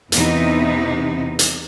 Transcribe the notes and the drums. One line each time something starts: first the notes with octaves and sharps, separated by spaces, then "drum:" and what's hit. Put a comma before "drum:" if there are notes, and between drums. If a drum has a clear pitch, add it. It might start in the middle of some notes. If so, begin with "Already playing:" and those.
E2 C3 E3 B3 D#4, drum: hi-hat
drum: hi-hat